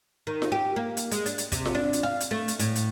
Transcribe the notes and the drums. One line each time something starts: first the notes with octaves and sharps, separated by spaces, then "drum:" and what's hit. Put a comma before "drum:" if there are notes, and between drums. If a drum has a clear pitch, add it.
D#3
drum: snare F4
G4
A#3
drum: hi-hat
G#3, drum: hi-hat
D4, drum: hi-hat
drum: hi-hat
C3, drum: kick, hi-hat
drum: snare F4
D4
drum: hi-hat
F5
drum: hi-hat
A3
drum: hi-hat
A2, drum: hi-hat
drum: hi-hat